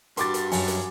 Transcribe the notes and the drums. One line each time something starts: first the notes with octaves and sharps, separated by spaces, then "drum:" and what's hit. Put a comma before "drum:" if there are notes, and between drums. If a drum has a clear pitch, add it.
G2 F#4 C6 D6 A6, drum: hi-hat
drum: hi-hat
F#2 G#5, drum: open hi-hat
drum: hi-hat